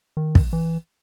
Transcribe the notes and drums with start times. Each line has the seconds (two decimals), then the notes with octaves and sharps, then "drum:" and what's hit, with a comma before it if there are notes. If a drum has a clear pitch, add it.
0.17 D#3
0.35 drum: kick
0.53 E3